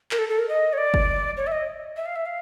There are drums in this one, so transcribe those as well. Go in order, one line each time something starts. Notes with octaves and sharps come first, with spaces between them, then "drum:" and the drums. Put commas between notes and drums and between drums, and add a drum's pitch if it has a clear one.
A#4, drum: clap
A4
A4
A#4
D#5
C#5
D5
drum: kick F#1
C#5
E5
D#5
E5
F5
E5
F5